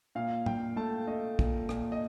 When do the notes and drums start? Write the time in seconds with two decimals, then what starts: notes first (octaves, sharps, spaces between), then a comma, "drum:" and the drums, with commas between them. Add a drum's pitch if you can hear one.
0.15 A#2 F5
0.46 A#2 G5, drum: tom
0.76 A3 A5
1.07 A3 D#5
1.39 A#2, drum: kick
1.69 A#2, drum: rim click
1.92 D#5